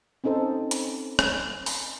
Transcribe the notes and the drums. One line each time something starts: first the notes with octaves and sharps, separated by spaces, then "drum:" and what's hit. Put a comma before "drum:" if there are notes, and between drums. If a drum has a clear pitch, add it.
C4 C#4 D#4 A4 C5
drum: hi-hat
drum: rim click
drum: open hi-hat